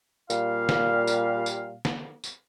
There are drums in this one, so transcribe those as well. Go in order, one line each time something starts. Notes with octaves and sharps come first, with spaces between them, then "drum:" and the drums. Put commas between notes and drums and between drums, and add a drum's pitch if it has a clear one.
A#2 G3 F5, drum: tambourine
drum: snare
drum: tambourine
drum: tambourine
drum: snare
drum: tambourine